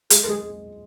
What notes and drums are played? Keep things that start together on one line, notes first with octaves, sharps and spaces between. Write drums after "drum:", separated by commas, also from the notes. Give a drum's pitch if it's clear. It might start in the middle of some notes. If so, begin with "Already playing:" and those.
G#3 G#4, drum: hi-hat
A#4
G#3 G#4